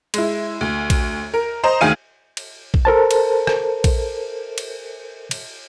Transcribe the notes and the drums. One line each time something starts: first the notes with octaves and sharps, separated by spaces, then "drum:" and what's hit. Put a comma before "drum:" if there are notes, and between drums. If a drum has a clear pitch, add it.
G#3 E4, drum: cymbal
D2
drum: kick A#1, cymbal
A#4
C5 D#5 A#5
D2 D#3 G#4 F5 G#5 D#7
drum: cymbal
drum: kick A#1
A4 A#4 C5 A5
drum: cymbal
drum: rim click
drum: kick A#1, cymbal
drum: cymbal
drum: cymbal